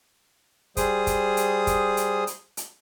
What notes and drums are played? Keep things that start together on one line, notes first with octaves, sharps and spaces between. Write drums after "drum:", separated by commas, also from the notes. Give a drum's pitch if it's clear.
G3 G#4 C5 D#6, drum: kick, hi-hat
drum: kick, hi-hat
drum: hi-hat
drum: kick, hi-hat
drum: hi-hat
drum: hi-hat
drum: hi-hat